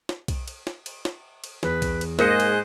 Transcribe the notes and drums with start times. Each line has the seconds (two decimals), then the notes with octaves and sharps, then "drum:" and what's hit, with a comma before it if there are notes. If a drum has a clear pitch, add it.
0.09 drum: snare
0.28 drum: kick B1, cymbal
0.48 drum: cymbal
0.67 drum: snare
0.86 drum: cymbal
1.05 drum: snare
1.44 drum: cymbal
1.63 E2 B4, drum: snare
1.82 drum: kick B1, cymbal
2.01 drum: cymbal
2.19 G#2 A#3 G#4 C5 D#5 F#6 A#6 C#7, drum: snare
2.40 drum: cymbal